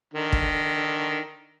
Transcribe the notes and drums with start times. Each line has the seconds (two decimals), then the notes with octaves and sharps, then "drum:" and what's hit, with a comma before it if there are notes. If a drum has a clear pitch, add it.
0.14 D3 D#3
0.32 drum: kick